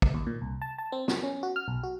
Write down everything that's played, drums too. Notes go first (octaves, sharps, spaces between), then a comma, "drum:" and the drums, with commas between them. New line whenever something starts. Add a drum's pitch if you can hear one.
drum: kick
D#2
A#2
C2
A5
A5
C4
F#3, drum: snare
C#4
F#4
F6
B1
F#4